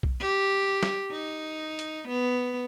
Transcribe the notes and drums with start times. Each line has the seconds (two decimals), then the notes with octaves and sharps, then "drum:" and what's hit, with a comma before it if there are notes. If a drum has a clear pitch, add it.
0.03 drum: kick B1
0.20 G4
0.83 drum: snare
1.11 D#4
1.79 drum: hi-hat
2.09 B3